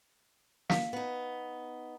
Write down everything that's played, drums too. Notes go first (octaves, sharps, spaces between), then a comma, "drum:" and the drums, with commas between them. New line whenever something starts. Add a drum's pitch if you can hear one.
F5, drum: snare
B3 D#4